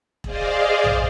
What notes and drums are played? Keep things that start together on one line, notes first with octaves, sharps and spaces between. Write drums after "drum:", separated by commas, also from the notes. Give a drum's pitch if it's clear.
G#4 C5 D5 D#5 F5, drum: kick E1
drum: tom A#1